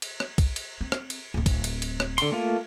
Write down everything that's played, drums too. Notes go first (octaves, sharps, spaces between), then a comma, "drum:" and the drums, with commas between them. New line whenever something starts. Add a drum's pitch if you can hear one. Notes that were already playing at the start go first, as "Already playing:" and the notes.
drum: cymbal
drum: rim click
drum: kick, cymbal
drum: cymbal
C4
drum: rim click
drum: cymbal
D1 C4
drum: kick, cymbal
drum: cymbal
drum: cymbal
drum: rim click
D3 C6, drum: cymbal
A3 A#3 F4